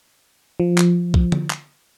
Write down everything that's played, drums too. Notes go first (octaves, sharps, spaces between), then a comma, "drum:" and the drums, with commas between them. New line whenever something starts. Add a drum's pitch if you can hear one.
F3
drum: clap
drum: kick B1
drum: tom D3
drum: clap